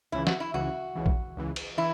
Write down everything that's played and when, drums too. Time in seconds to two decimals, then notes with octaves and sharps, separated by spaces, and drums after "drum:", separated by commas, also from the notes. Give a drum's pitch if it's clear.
0.12 C#2 C#3 E3 E4
0.27 F#4, drum: snare
0.40 E4
0.54 C#2 C#3 E3 F#4
0.95 C#2 C#3 E3
1.06 drum: kick A#1
1.37 C#2 C#3 E3
1.56 drum: cymbal
1.78 E3 E4